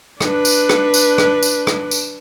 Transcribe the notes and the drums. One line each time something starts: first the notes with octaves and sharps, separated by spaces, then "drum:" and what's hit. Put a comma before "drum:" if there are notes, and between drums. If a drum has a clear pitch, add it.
D4 B4, drum: rim click
drum: tambourine
drum: rim click
drum: tambourine
drum: rim click
drum: tambourine
drum: rim click
drum: tambourine